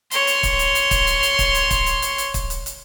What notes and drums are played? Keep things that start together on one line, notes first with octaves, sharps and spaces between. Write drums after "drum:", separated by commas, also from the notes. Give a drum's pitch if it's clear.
C#5 C6, drum: hi-hat
drum: hi-hat
drum: kick, hi-hat
drum: hi-hat
drum: hi-hat
drum: kick, hi-hat
drum: hi-hat
drum: hi-hat
drum: kick, hi-hat
drum: hi-hat
drum: kick, hi-hat
drum: hi-hat
drum: hi-hat
drum: hi-hat
drum: kick, hi-hat
drum: hi-hat
drum: hi-hat